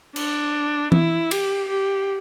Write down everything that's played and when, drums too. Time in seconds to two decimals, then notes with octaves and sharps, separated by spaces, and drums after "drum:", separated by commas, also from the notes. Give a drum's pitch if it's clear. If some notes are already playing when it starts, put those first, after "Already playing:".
0.16 D4, drum: cymbal
0.92 E4, drum: tom E3
1.31 G4, drum: cymbal
1.68 G4